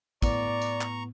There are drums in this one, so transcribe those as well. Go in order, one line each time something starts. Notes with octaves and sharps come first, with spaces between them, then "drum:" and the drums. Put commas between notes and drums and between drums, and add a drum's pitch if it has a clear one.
A2 B3 D5 A#5 C#6, drum: kick A1, tambourine
drum: tambourine
drum: clap